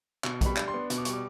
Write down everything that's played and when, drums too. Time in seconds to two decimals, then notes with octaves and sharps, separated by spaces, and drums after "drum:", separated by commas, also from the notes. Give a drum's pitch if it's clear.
0.24 B2, drum: clap
0.41 G3 B5, drum: kick, hi-hat
0.57 D4, drum: clap
0.68 C6
0.74 B3
0.90 B2, drum: hi-hat
0.98 D6
1.05 G3 C#6, drum: hi-hat
1.13 D6